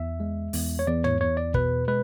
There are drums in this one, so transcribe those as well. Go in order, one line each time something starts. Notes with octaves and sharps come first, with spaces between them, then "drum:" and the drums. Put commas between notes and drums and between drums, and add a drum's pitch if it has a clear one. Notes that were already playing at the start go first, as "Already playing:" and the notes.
Already playing: E2 E5
G#3
E2, drum: open hi-hat
C#5
E2 D5
C#5, drum: tom
E2 C#5
D5
B2 B4, drum: kick
G#3 B4